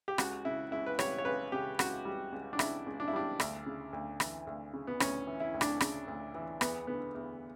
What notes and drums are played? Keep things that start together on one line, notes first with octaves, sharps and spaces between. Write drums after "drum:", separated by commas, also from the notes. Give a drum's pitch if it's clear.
G4
C#2 F#4, drum: rim click
C#3 E4
C#2 E4
B4
G3 C#5, drum: rim click
C#5
C#2 B4
C#3 G4
C#2 F#4, drum: rim click
G3
C#2
D4
C#3 E4, drum: rim click
C#2
D4
E4
G3 D4
D2, drum: rim click
C#3
D2
E3, drum: rim click
D2
C#3
B3
D2 C#4, drum: rim click
E3
E4
D2
D4, drum: rim click
C#3, drum: rim click
D2
E3
E2 B3, drum: rim click
D3 B3
E2